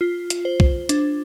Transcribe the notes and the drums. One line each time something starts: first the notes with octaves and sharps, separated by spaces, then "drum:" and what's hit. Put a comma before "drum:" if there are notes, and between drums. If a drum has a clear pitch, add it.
F4
drum: hi-hat
C5
drum: kick
D4, drum: hi-hat